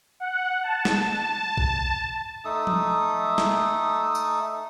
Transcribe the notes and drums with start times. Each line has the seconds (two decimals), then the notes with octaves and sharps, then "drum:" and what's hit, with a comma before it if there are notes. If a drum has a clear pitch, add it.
0.20 F#5
0.63 A5
0.85 drum: snare
1.57 drum: kick A#1
2.45 A3 D#4 A4 D#6
2.67 drum: tom F3
3.38 drum: snare
4.15 drum: tambourine